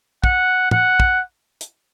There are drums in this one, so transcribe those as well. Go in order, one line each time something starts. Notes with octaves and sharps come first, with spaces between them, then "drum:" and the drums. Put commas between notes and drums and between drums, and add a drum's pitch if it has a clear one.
F#5, drum: kick
F#5, drum: tom
drum: kick
drum: hi-hat